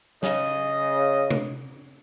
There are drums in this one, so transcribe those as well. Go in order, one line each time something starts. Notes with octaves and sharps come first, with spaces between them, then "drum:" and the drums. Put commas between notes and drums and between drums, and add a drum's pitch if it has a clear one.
C#3 D#5, drum: snare
drum: tom